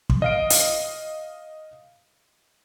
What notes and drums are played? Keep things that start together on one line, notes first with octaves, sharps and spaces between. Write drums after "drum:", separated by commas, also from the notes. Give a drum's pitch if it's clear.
drum: kick
D#5 F5 D7
drum: hi-hat